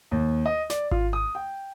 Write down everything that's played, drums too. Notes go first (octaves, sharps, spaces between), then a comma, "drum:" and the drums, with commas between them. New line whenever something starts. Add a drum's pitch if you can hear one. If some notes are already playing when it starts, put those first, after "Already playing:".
D#2
D#5
D5, drum: snare
F4, drum: kick G#1
D#6
G5